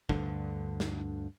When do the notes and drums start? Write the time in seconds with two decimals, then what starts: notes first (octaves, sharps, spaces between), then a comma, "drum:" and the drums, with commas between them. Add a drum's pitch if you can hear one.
0.09 D2 G2 D3, drum: kick
0.80 drum: snare